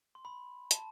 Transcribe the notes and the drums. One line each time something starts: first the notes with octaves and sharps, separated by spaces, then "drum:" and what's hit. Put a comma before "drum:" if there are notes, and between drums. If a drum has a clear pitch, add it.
C6
B5
A5, drum: hi-hat